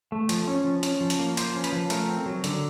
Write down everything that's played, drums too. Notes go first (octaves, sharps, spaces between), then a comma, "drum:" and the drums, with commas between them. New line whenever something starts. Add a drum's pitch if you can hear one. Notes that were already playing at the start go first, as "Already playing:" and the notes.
A3
F3, drum: hi-hat
C#4
F3
C#4, drum: hi-hat
F3
drum: hi-hat
A#3
F3 C5, drum: hi-hat
C#4
B4, drum: hi-hat
F3
A3 A#4, drum: hi-hat
C4
F#3
D3, drum: hi-hat